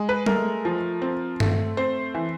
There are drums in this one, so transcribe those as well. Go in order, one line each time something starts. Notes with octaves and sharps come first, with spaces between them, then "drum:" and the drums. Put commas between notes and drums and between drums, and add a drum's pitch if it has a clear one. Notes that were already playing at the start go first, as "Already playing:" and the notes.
Already playing: G#3
B4
A3 A#4, drum: tom G3
F3
C4
A3, drum: tom G2
C4 C5
E3